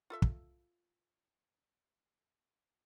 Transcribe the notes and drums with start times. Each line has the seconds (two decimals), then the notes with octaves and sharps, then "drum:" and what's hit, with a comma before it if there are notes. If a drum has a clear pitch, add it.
0.10 F4 A4 E5
0.22 drum: kick